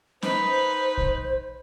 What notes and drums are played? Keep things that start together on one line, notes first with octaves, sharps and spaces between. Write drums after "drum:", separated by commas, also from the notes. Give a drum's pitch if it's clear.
D#4 B4 C5, drum: snare C#4
drum: kick